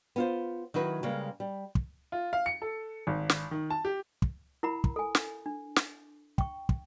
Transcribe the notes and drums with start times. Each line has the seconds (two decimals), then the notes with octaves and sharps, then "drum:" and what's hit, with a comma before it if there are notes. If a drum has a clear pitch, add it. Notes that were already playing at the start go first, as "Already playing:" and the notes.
0.16 B3 F4 C5
0.74 D#3 F#3 E4 B4
1.03 C#3 G3 G#3 A#3
1.40 G3
1.75 drum: kick
2.12 F4
2.33 F5
2.46 C#7
2.62 A4
3.07 G#1
3.30 drum: snare
3.51 D#3
3.70 A5
3.85 G4
4.22 drum: kick
4.63 E4 A#4 F#5 A#5 B5
4.84 drum: kick
4.96 A4 G#5
5.15 drum: snare
5.46 D4
5.76 drum: snare
6.38 G5 C#6, drum: kick
6.69 drum: kick